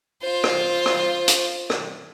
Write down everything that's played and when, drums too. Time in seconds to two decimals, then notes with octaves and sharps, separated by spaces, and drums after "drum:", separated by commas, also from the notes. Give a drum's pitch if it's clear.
0.23 F4 C5
0.44 drum: rim click
0.86 drum: rim click
1.28 drum: hi-hat
1.70 drum: rim click